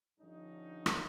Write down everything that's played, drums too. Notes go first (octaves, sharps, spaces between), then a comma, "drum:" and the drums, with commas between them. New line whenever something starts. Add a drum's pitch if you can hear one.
G2 D3 F3 C#4 D#4
drum: rim click